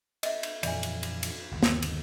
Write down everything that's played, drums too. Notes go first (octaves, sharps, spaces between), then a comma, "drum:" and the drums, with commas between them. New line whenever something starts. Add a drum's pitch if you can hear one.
D#5 E5, drum: cymbal
drum: cymbal
F2 A#2 E3 D5 E5 G#5, drum: cymbal
drum: cymbal
drum: cymbal
drum: cymbal
G1 D#2
drum: snare
drum: cymbal